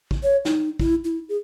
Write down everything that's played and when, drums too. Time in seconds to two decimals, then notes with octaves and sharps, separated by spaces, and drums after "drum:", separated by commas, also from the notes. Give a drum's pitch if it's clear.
0.11 drum: kick
0.23 C#5
0.45 D#4, drum: snare
0.80 E4, drum: kick
1.05 E4
1.29 G#4